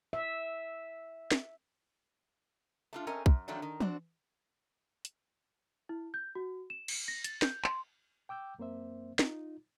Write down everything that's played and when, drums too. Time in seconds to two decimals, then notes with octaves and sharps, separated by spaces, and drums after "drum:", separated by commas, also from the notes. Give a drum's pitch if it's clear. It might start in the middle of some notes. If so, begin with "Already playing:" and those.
0.13 E5
1.32 drum: snare
2.93 A3 D4 F4
3.07 C4 C#4 A4 A#4 D#5 G#5
3.26 F#2, drum: kick
3.48 D#3 F3 F#3 A3 C4 D4
3.62 D#3
3.80 C4 D4 F#4, drum: tom
5.05 drum: hi-hat
5.89 E4
6.14 G6
6.35 F#4
6.70 E7
6.88 drum: cymbal
7.08 A#6
7.24 A6, drum: hi-hat
7.42 G6, drum: snare
7.64 C6, drum: clap
8.29 G5 D6 E6 G6
8.58 F#2 A#3 C4 C5 E5
9.19 D#4 F4, drum: snare